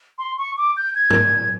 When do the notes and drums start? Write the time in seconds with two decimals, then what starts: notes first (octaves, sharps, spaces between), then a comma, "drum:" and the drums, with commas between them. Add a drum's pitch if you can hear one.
0.18 C6
0.38 C#6
0.58 D6
0.77 G6
0.95 G#6
1.10 drum: tom